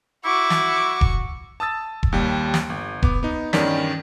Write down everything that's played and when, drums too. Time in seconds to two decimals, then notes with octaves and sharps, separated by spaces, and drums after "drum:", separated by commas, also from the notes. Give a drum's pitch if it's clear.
0.25 E4 F#4 C#6 D6
0.50 drum: snare
1.01 drum: kick E1
1.60 A5 D#6 E6 A6
2.03 drum: kick E1
2.12 D#2 G3
2.54 drum: snare
2.70 G1
3.03 B3 D6, drum: kick E1
3.23 B3 D#4
3.53 E2 G2 D#3 C#4 D5 B6, drum: snare